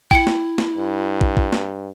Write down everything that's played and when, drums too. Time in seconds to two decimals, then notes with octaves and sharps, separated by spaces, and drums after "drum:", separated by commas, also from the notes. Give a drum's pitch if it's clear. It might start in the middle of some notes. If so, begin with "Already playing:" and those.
0.11 E4 G5 C#7, drum: kick
0.27 drum: snare
0.58 drum: snare
0.77 G2
1.21 drum: kick
1.37 drum: kick
1.53 drum: snare